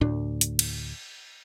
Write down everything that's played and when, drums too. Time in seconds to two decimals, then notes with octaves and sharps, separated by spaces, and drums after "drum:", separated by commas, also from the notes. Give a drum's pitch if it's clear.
0.01 D2 A2 D4
0.41 drum: hi-hat
0.59 drum: cymbal